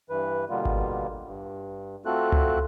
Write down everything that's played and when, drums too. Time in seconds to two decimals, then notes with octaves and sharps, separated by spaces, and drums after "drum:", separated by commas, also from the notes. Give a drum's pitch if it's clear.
0.10 G2 E3 B4
0.50 B2 D3 G3 A#3 B3 F4
0.65 drum: kick G#1
1.25 G2
2.06 A3 C4 F4 F#4 A4 F#6
2.32 drum: tom C#2